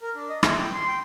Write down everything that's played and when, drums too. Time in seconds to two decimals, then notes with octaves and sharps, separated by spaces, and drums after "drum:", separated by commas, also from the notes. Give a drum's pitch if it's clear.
0.01 A#4
0.15 D4
0.29 D#5
0.43 E4, drum: rim click
0.56 G5
0.73 C6
0.88 G5